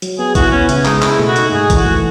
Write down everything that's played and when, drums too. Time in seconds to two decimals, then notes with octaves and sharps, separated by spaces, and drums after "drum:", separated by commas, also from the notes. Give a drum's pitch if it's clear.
0.02 F#3, drum: hi-hat
0.19 B3 G#4
0.35 E4 F#4, drum: kick, hi-hat
0.52 B3 C#4
0.69 C#3, drum: hi-hat
0.85 G#3 D#4, drum: clap
1.02 E4 G#4, drum: clap
1.19 A3, drum: tom B2
1.28 F#4
1.36 D#4, drum: hi-hat
1.52 G#2 G#4
1.70 E3, drum: kick, hi-hat
1.77 F#4
1.85 A3